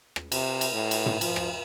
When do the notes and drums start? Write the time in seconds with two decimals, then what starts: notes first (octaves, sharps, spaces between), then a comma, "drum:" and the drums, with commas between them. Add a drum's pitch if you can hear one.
0.16 drum: rim click
0.32 C3, drum: cymbal
0.61 drum: cymbal
0.72 A2
0.91 drum: cymbal
1.06 drum: tom
1.21 F3, drum: cymbal
1.36 drum: rim click